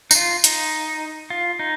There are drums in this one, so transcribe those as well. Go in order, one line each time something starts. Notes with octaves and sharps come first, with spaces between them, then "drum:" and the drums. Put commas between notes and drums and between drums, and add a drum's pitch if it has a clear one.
D#4, drum: tambourine
F4
D#4, drum: hi-hat
F4
D#4